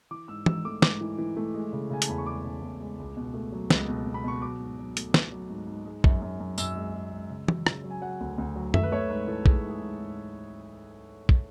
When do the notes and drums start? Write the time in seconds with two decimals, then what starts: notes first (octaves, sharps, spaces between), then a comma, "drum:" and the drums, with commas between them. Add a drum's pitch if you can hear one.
0.11 E3 D6
0.28 G#2 E6
0.46 G#2 E6, drum: tom
0.65 A3 D6
0.82 G#2 D6, drum: snare
1.01 E3
1.18 E3
1.37 A3
1.55 G#3
1.73 C#3
1.90 C#3 G#5
2.02 A5, drum: hi-hat
2.09 E2 B5
2.18 C#6
2.26 G#3 D6
2.44 C#3
2.62 E2
2.81 G#3
2.98 C#2
3.17 B2
3.34 A3
3.52 F#3
3.70 C#2, drum: snare
3.88 B2
4.06 B2
4.14 B5
4.24 B2 C#6
4.42 F#3 D6
4.60 G#2
4.79 F#3
4.97 A3, drum: hi-hat
5.14 A3, drum: snare
5.32 F#3
5.50 G#2
5.68 G#2
5.86 G#3
6.04 F#2, drum: kick
6.22 F#2
6.40 F#2
6.58 F#2 E6, drum: tambourine
6.76 G#3
6.94 G#3
7.12 G#3
7.30 C#3
7.48 F#3, drum: tom
7.67 C#3, drum: rim click
7.84 F#3
7.90 G#5
8.02 F#3 F#5
8.20 D2
8.38 D2
8.56 F#3
8.74 A3 E5, drum: tom F#2
8.83 B4
8.92 A3 C#5
9.10 G#2 B4
9.27 E3 A4
9.46 G#2 G#4, drum: kick
9.64 G#2
9.70 G#4
9.81 G#2
10.00 G#2
11.29 drum: kick